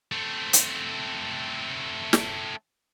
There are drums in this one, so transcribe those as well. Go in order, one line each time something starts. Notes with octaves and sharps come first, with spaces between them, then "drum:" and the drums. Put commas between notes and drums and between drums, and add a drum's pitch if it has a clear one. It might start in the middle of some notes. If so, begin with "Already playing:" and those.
A3 C4
drum: hi-hat
drum: snare